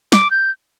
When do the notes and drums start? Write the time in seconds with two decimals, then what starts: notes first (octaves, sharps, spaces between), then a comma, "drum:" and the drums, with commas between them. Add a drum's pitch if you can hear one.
0.12 D6, drum: snare
0.31 G6